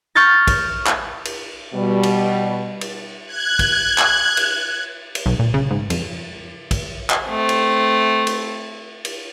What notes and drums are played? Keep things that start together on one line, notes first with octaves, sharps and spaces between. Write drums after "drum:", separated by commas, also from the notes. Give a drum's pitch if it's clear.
C#6 F6 G6 A6 A#6
drum: kick, cymbal
drum: clap
drum: cymbal
B2 G3
drum: cymbal
drum: cymbal
F#6 G#6
drum: kick, cymbal
drum: clap
drum: cymbal
drum: cymbal
B1
A#2
C#3
G#2
F2, drum: cymbal
drum: kick, cymbal
drum: clap
A3 C4
drum: cymbal
drum: cymbal
drum: cymbal